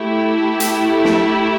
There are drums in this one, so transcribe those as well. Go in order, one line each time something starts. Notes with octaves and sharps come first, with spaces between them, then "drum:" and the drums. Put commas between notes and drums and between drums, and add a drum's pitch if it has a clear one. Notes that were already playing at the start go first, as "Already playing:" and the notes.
Already playing: A3 E4 G4
drum: hi-hat
drum: snare